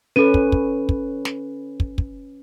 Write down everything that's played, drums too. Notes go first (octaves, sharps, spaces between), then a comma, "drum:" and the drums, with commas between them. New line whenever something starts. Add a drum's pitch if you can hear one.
C#4 A4 B4 D#7
drum: kick
drum: kick
drum: kick
drum: snare
drum: kick
drum: kick